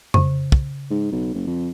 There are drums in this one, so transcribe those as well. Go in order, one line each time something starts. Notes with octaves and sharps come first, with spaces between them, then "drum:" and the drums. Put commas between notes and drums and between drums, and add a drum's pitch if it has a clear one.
C#3, drum: tom F2
drum: kick
G#2
B1
F#1
F2